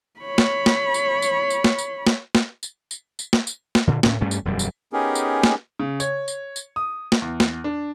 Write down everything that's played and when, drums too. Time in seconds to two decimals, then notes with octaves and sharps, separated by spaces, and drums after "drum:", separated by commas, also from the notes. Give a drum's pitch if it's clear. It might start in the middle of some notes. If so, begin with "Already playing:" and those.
0.20 C#5 B5
0.38 drum: snare
0.66 drum: snare
0.94 drum: tambourine
1.22 drum: tambourine
1.50 drum: tambourine
1.64 drum: snare
1.78 drum: tambourine
2.07 drum: snare
2.35 drum: snare
2.63 drum: tambourine
2.91 drum: tambourine
3.19 drum: tambourine
3.33 drum: snare
3.47 drum: tambourine
3.75 drum: snare
3.87 A#2 D3
4.03 D2 A2 C#4, drum: snare
4.21 G2 G3 A3 C#4
4.31 drum: tambourine
4.45 E1 F#2 G3
4.59 drum: tambourine
4.93 B3 C#4 D#4 G4 G#4 A#4
5.15 drum: tambourine
5.43 drum: snare
5.79 C#3
6.00 C#5, drum: tambourine
6.28 drum: tambourine
6.56 drum: tambourine
6.76 D#6
7.12 drum: snare
7.22 E2
7.40 drum: snare
7.64 D4